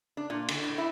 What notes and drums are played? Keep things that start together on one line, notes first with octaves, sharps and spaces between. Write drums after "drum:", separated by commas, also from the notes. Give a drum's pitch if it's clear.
D4
A#2
D3, drum: cymbal
A2
E4